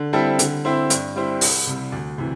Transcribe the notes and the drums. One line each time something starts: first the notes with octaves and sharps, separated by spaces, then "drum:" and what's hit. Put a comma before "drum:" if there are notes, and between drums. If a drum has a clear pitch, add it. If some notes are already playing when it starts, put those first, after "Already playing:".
Already playing: D3
G3 C4 E4 A4
D3, drum: hi-hat
C4 E4 C5
G2, drum: hi-hat
G3 C4 E4 C5
C2, drum: open hi-hat
C3 G3
D2
C3 E3